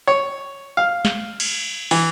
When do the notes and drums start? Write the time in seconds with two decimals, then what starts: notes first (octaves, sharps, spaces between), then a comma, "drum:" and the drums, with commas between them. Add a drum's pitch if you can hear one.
0.07 C#5
0.77 F5
1.05 drum: snare
1.40 drum: cymbal
1.91 E3, drum: open hi-hat